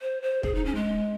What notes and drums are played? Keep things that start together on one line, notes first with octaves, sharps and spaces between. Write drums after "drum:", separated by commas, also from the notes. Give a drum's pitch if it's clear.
C5
C5
G#4, drum: kick
D#4
C#4
G#3